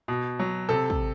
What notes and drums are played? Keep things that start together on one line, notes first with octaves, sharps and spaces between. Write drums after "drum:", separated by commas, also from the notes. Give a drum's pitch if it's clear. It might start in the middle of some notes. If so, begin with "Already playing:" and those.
B2
F#3
C3 A4
drum: kick